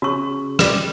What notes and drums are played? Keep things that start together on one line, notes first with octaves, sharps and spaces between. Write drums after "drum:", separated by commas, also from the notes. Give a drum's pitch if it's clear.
C#3 F#4 C#6
G3, drum: rim click